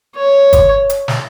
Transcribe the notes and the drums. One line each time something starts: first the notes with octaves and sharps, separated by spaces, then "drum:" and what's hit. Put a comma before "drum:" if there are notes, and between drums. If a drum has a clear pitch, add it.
C#5
drum: kick, hi-hat
drum: hi-hat
drum: snare